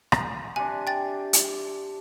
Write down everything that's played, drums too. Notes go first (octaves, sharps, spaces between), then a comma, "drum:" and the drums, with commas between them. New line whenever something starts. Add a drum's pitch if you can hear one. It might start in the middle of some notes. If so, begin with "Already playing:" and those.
drum: rim click
C3 D4 G#5
G5 A6
drum: hi-hat